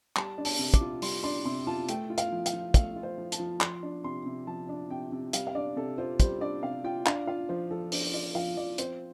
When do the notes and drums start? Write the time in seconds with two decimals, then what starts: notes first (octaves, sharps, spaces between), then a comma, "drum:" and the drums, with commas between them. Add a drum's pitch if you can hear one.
0.16 G3 A5, drum: clap
0.38 D4
0.45 A5, drum: open hi-hat
0.59 C3
0.74 D6, drum: kick, hi-hat
0.81 F4
1.02 G3 C6, drum: open hi-hat
1.23 D4 C6
1.45 C3 C6
1.67 F4 A5
1.89 A3 G5, drum: hi-hat
2.10 F4
2.18 F5, drum: hi-hat
2.32 F3
2.46 F5, drum: hi-hat
2.53 F3
2.74 A3 F5, drum: kick, hi-hat
2.96 F4
3.03 C5
3.18 F3
3.32 A5, drum: hi-hat
3.40 F3
3.61 F3 C6, drum: clap
3.83 D4
4.04 C3 C6
4.26 C3
4.47 F3 A5
4.69 D4
4.90 C3 G5
5.12 C3
5.33 G3 F5, drum: hi-hat
5.47 F5
5.55 D4 D5
5.76 C3 A4
5.98 F4 C5
6.20 G3 C5, drum: kick, hi-hat
6.41 D4 D5
6.63 C3 F5
6.84 F4 G5
7.06 D4 F5, drum: clap
7.27 F4 F5
7.49 F3 C5
7.71 F3 A4
7.92 D4 C5, drum: open hi-hat
8.13 F4 D5
8.35 F3 F5
8.57 F3 D5
8.78 C4 C5, drum: hi-hat